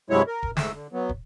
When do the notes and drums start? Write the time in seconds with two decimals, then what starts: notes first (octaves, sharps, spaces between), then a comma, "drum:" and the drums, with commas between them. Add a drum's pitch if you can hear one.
0.10 G2 C3 F#3 G#3 E4 C#5
0.27 A#4
0.43 drum: kick
0.57 G#2 A3 E6, drum: snare
0.73 D3
0.93 F#3 B3
1.09 drum: kick